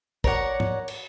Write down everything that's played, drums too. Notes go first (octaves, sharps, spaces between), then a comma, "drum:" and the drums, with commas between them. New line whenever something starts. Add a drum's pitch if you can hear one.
A#4 C#5 D5 F#5, drum: kick
drum: tom
drum: cymbal